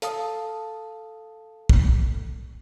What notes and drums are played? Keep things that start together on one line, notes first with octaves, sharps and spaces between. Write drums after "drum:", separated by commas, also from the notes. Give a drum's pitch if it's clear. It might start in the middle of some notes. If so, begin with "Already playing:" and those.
A4 F5 A5 D#6, drum: hi-hat
drum: kick